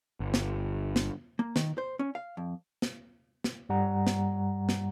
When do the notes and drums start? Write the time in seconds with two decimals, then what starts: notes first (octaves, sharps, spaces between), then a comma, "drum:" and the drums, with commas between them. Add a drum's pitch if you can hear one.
0.20 G1
0.34 drum: snare
0.96 drum: snare
1.39 A#3
1.56 D#3, drum: snare
1.78 C5
1.99 C#4
2.15 F5
2.37 F2
2.82 drum: snare
3.44 drum: snare
3.69 G2 G3 F#5 A#5
4.07 drum: snare
4.69 drum: snare